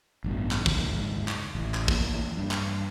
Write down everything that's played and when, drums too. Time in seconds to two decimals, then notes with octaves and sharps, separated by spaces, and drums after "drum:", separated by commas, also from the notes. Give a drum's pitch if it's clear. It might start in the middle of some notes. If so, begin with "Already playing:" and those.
0.24 A1 G2 B2
0.51 drum: clap
0.66 D2 D#3 F3, drum: kick
0.82 F#1 D#2 G#2
1.28 drum: clap
1.55 A1
1.74 drum: clap
1.88 E3 F3 G3 A#3, drum: kick
2.37 G2
2.51 drum: clap